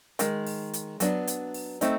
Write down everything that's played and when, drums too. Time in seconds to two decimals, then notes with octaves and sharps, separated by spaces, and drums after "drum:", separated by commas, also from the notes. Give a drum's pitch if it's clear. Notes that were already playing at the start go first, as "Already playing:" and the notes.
0.19 D#3 G#3, drum: hi-hat
0.47 drum: open hi-hat
0.73 drum: hi-hat
1.00 F#3 B3 D4, drum: hi-hat
1.27 drum: hi-hat
1.54 drum: open hi-hat
1.81 A3 C4 D#4, drum: hi-hat